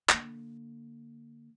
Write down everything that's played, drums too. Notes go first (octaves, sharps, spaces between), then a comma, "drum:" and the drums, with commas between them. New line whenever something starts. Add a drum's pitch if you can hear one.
D3 A#3, drum: clap